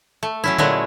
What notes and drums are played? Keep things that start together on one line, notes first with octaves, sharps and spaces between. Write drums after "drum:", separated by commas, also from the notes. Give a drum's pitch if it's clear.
A3
F#3 C#4 E4
A#2 F#3 G#3 A3 E4 F#4, drum: tom D3